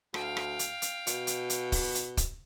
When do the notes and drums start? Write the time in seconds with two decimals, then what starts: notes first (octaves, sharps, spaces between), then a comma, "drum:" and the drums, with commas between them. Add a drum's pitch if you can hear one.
0.14 D2 F5 G5, drum: rim click
0.37 drum: rim click
0.59 drum: hi-hat
0.82 drum: hi-hat
1.07 B2, drum: hi-hat
1.27 drum: hi-hat
1.50 drum: hi-hat
1.72 drum: kick, open hi-hat
1.95 drum: hi-hat
2.17 drum: kick, hi-hat